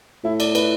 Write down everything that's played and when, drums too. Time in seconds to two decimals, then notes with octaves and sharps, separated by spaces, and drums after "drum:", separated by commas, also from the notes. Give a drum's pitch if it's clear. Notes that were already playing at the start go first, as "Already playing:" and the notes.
0.24 A2 E4
0.40 D5, drum: cymbal
0.55 B4, drum: cymbal